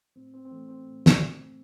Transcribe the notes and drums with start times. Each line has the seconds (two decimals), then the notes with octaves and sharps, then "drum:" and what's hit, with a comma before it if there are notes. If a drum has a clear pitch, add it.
0.16 A2 C4
0.34 C4
0.45 C4
0.51 E3 A3
0.69 C4
0.87 A2
1.06 drum: snare